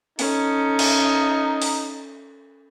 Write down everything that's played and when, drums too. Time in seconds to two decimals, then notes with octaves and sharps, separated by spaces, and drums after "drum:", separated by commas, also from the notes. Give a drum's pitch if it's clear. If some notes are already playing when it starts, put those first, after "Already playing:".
0.19 C#4 D#4 A4, drum: open hi-hat
0.79 drum: cymbal
1.62 drum: open hi-hat